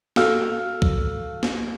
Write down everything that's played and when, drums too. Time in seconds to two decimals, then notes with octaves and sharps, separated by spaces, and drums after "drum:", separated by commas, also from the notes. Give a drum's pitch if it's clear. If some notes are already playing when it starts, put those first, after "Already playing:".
0.16 F#4 A4 F5 E6 F6, drum: snare
0.82 drum: kick
1.43 drum: snare